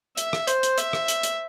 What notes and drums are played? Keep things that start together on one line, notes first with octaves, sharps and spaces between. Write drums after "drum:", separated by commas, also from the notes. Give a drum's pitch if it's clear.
E5, drum: hi-hat
drum: rim click
C5, drum: hi-hat
drum: hi-hat
E5, drum: hi-hat
drum: rim click
drum: hi-hat
drum: hi-hat